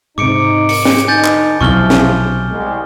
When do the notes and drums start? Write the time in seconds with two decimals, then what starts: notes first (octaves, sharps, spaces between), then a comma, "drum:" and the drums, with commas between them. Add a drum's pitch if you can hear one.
0.18 G#2 C3 D#4 D6 C#7 D7
0.69 C#7, drum: open hi-hat
0.85 drum: snare
0.98 drum: hi-hat
1.08 D3 B3 D#4 G#5 G6 A6
1.25 drum: clap
1.61 B1 C3 F3 E4 C#6 F6 G7
1.90 drum: snare
2.51 C2 G#3